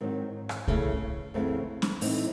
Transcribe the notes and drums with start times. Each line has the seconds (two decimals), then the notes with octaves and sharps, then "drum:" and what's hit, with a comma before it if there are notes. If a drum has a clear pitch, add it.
0.01 G#2 D#3 F#3 C4
0.49 drum: rim click
0.68 C#3 E3 A3, drum: kick C2
1.34 F#2 C#3 E3 A3 C4
1.82 drum: snare C#4
2.01 A2 E3 C4 D#4, drum: open hi-hat